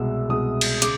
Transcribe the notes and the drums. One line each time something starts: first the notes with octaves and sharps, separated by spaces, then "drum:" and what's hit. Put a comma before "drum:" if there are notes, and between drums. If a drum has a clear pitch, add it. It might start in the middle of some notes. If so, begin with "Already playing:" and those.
Already playing: C2 B2 G#3 E6
C2 B2 G#3 D#6
drum: cymbal
C#3 D6, drum: hi-hat